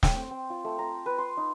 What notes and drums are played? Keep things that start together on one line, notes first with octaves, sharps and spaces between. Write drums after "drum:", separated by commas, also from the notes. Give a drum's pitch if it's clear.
G5, drum: snare
C4
C4
F4
A3
A#5
B4
C6
D#4